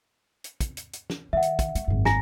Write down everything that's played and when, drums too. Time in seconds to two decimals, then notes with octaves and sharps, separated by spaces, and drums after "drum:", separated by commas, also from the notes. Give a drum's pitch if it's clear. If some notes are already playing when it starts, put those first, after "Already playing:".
0.44 drum: hi-hat
0.60 drum: kick, hi-hat
0.77 drum: hi-hat
0.93 drum: hi-hat
1.10 drum: snare
1.33 D#3 E5 F#5
1.42 drum: hi-hat
1.59 drum: kick, hi-hat
1.75 A3, drum: hi-hat
1.88 G#1 F#2
2.05 G#5 A#5 A#6, drum: snare